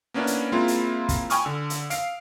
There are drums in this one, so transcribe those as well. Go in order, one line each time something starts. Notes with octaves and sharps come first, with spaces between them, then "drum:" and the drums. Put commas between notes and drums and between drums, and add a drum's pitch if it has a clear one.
A#3 B3 C#4 D4 E4
drum: hi-hat
G#3 A#3 C4 E4 F4
drum: hi-hat
drum: kick, hi-hat
G5 G#5 B5 C#6 D#6 F6, drum: hi-hat
D3 E6
drum: hi-hat
F5 C7 D7, drum: hi-hat